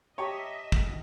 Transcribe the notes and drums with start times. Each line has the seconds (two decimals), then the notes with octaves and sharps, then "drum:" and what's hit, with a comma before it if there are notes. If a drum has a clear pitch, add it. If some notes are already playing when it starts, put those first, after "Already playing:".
0.18 G4 C#5 D#5 E5 A5 A#5
0.72 drum: kick